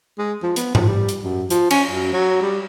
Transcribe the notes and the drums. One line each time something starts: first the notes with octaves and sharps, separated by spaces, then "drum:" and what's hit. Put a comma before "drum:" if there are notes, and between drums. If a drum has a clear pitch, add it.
G#3
F3
B3, drum: hi-hat
F3, drum: tom G#2
G3
drum: hi-hat
F#2
F3, drum: hi-hat
C#4, drum: cymbal
F#2
F#3
G3